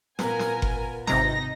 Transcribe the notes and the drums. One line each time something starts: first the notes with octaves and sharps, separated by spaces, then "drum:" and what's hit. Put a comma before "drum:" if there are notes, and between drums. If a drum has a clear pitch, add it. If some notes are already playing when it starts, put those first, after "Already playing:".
A#2 B3 A#4 G#5, drum: snare
drum: snare
drum: kick F#1
G#1 C3 D#4 A#5 A#6, drum: snare